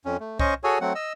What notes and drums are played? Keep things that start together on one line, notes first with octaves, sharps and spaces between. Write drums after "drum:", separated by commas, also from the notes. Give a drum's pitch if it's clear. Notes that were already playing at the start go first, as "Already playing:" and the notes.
F2 C#4
A3
C#4 C5 D#5 C#6, drum: kick C2
F#4 G#4 A4 C#5 G#5
F#3 A3 C4 F#5
D#5 E6